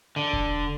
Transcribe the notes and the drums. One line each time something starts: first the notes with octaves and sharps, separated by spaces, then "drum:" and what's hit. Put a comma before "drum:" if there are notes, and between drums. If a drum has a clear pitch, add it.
D3
drum: kick E1